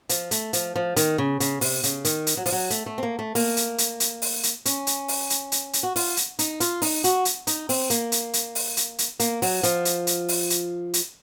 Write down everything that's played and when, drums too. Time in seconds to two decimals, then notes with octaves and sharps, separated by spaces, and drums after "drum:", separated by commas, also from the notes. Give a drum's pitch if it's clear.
0.09 F3, drum: hi-hat
0.31 A3, drum: hi-hat
0.53 F3, drum: hi-hat
0.76 F3
0.96 D#3, drum: hi-hat
1.18 C#3
1.40 C#3, drum: hi-hat
1.61 C3, drum: open hi-hat
1.83 C#3, drum: hi-hat
2.05 D#3, drum: hi-hat
2.27 drum: hi-hat
2.37 F#3
2.46 F3, drum: open hi-hat
2.52 F#3
2.70 A3, drum: hi-hat
2.86 A3
2.98 C4
3.03 A#3
3.19 A3
3.35 A#3, drum: open hi-hat
3.57 drum: hi-hat
3.78 drum: hi-hat
4.00 drum: hi-hat
4.22 drum: open hi-hat
4.43 drum: hi-hat
4.65 C#4, drum: hi-hat
4.87 drum: hi-hat
5.08 drum: open hi-hat
5.30 drum: hi-hat
5.52 drum: hi-hat
5.73 drum: hi-hat
5.83 F#4
5.96 F4, drum: open hi-hat
6.17 drum: hi-hat
6.39 D#4, drum: hi-hat
6.60 F4, drum: hi-hat
6.82 D#4, drum: open hi-hat
7.04 F#4, drum: hi-hat
7.25 drum: hi-hat
7.47 D#4, drum: hi-hat
7.69 C4, drum: open hi-hat
7.90 A#3, drum: hi-hat
8.12 drum: hi-hat
8.33 drum: hi-hat
8.55 drum: open hi-hat
8.77 drum: hi-hat
8.98 drum: hi-hat
9.20 A#3, drum: hi-hat
9.42 F#3, drum: open hi-hat
9.63 F3, drum: hi-hat
9.85 drum: hi-hat
10.07 drum: hi-hat
10.29 drum: open hi-hat
10.50 drum: hi-hat
10.94 drum: hi-hat